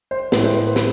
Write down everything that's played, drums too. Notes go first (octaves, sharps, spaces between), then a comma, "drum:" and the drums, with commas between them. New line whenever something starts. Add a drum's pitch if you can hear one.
C5
A2 G#3 B3 B4, drum: snare
C5
B4
drum: snare